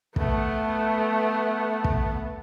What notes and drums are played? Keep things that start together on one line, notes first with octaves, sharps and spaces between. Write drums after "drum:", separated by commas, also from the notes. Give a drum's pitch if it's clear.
A3 B3, drum: kick
drum: kick